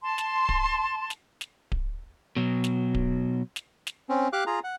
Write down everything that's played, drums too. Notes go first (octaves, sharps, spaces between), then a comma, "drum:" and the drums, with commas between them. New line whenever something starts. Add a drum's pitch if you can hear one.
A5 C6
drum: snare
drum: kick D1
drum: snare
drum: snare
drum: kick D1
B2 F#3
drum: snare
drum: kick D1
drum: snare
drum: snare
C4 C#4
G4 F5 D6 F#6
F4 G#4 A#5
F#5